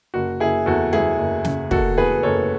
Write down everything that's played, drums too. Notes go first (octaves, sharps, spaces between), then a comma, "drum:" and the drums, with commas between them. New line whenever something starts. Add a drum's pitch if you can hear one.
F#1 F#4
F#1 E4 G#4
E2 F#4 A4
E2 E4 G#4, drum: tom
F#1
C#3, drum: snare
F#1 F#4 A4, drum: kick
E2 G#4 B4
F#1 A4 C#5